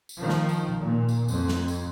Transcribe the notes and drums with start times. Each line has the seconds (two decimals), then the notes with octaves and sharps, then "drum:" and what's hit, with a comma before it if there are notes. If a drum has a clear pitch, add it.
0.09 drum: tambourine
0.19 D#3 F3
0.29 drum: snare
0.49 drum: tambourine
0.69 drum: tom B2
0.80 A#2
1.09 drum: tambourine
1.28 F2, drum: tambourine
1.48 drum: snare
1.68 drum: tambourine